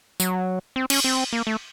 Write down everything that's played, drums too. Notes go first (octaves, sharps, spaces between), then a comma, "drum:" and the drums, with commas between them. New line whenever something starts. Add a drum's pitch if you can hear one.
F#3, drum: tambourine
C4
C#4, drum: cymbal
C4
A#3
A3